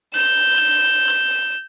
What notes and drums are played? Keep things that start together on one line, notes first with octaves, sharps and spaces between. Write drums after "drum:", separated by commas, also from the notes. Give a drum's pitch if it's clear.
G6 E7, drum: hi-hat
drum: hi-hat
drum: hi-hat
drum: hi-hat
drum: hi-hat
drum: hi-hat